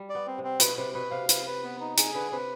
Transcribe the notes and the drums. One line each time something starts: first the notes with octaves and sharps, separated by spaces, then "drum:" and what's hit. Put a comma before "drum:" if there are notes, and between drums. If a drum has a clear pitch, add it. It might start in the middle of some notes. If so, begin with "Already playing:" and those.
Already playing: G3
D5
B3
C4
C3
C4
B2 B4, drum: hi-hat
C3 B4
B2 B4
C3 F5
B4, drum: hi-hat
B4
B3
D#4
G#4, drum: hi-hat
D3 B4
C3 B4